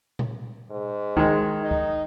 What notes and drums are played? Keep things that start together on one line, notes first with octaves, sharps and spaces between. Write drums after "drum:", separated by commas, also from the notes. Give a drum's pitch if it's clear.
drum: tom A#2
G#2
D#3 G#3, drum: kick
D#4
drum: kick